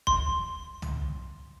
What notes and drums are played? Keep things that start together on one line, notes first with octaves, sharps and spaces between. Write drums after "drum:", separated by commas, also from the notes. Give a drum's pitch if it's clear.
C6, drum: kick
drum: tom